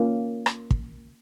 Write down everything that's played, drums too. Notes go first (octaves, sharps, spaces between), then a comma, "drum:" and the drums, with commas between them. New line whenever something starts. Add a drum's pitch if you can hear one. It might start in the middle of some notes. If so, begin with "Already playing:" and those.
Already playing: A#3 C#4 F4
drum: rim click
drum: kick